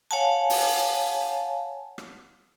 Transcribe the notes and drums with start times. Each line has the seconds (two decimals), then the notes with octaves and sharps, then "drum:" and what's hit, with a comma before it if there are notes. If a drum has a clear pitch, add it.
0.11 C#5 F5 F#5 G#5 A5
0.50 drum: open hi-hat
1.98 drum: rim click